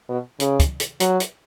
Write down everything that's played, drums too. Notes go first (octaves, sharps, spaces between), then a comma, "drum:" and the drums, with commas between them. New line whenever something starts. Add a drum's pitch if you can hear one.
B2
C#3, drum: hi-hat
drum: kick, hi-hat
drum: hi-hat
F#3, drum: hi-hat
drum: hi-hat